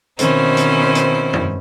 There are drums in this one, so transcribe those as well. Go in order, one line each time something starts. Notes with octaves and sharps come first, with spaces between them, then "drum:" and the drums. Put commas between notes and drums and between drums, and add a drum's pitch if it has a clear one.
B2 D#3 C4 C#4 E4 C5, drum: hi-hat
drum: hi-hat
drum: hi-hat
drum: tom